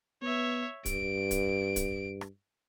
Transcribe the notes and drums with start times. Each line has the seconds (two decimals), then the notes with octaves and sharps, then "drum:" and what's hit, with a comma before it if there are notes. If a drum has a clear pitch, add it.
0.23 B3 C#5 E5
0.86 G2 D7, drum: kick, hi-hat
1.31 drum: kick, hi-hat
1.76 drum: kick, hi-hat
2.21 drum: rim click